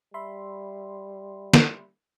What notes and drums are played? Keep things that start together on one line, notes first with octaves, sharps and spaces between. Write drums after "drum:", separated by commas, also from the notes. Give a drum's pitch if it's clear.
G3 E5 B5 C6
drum: snare